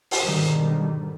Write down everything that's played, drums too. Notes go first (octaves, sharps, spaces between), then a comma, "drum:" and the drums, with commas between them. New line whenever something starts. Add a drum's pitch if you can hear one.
drum: open hi-hat
G#2 B2 D3 D#3 G3